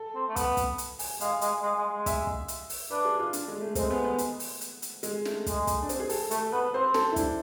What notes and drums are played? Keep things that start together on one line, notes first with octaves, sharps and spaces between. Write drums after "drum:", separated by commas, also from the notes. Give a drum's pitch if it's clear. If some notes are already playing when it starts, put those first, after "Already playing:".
Already playing: A4
C4
A3
B3, drum: kick, hi-hat
drum: kick, hi-hat
drum: hi-hat
G#5, drum: open hi-hat
G#3 F5, drum: hi-hat
G#3, drum: hi-hat
G#3
G#3
G#3
E5, drum: kick, hi-hat
drum: kick
drum: hi-hat
drum: open hi-hat
D4 B4
G#4
F4
D4, drum: hi-hat
G#3
A3
G#3 C4, drum: kick, hi-hat
B3
B3
drum: hi-hat
drum: open hi-hat
drum: hi-hat
drum: hi-hat
G#3, drum: hi-hat
A3, drum: snare
G#3, drum: kick, hi-hat
drum: kick, hi-hat
D4
C4, drum: hi-hat
G#4
A4, drum: open hi-hat
A3 A4, drum: hi-hat
B3 B4
C4 C5
A4, drum: snare
E4
D4, drum: kick, hi-hat